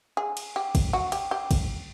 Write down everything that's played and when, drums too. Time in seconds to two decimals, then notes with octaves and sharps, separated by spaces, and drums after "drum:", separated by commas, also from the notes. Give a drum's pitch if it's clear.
0.17 G#4
0.37 drum: cymbal
0.56 G4
0.75 drum: kick, cymbal
0.93 F#4
1.12 G4, drum: cymbal
1.31 G4
1.51 drum: kick, cymbal